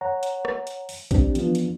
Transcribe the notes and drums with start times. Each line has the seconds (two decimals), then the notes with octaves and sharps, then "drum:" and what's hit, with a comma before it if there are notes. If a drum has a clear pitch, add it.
0.01 C#5 F#5 A#5
0.23 drum: hi-hat
0.45 drum: rim click
0.67 drum: hi-hat
0.89 drum: open hi-hat
1.11 C4 D4 G4, drum: kick, hi-hat
1.35 E3 F3 B3 D4 F4, drum: hi-hat
1.55 drum: hi-hat